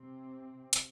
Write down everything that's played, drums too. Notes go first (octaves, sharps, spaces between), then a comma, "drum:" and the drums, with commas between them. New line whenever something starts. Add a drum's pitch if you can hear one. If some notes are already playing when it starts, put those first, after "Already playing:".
Already playing: C3 C4
drum: hi-hat